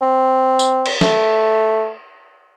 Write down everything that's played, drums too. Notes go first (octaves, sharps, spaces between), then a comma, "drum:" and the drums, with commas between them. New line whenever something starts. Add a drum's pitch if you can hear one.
C4
drum: tambourine
drum: cymbal
A3, drum: snare